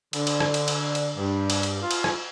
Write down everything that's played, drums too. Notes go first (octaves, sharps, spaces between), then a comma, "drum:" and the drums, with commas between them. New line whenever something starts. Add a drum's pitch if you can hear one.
D3, drum: cymbal
drum: cymbal
drum: rim click
drum: cymbal
drum: cymbal
drum: cymbal
G2
drum: cymbal
drum: cymbal
F4
drum: cymbal
drum: rim click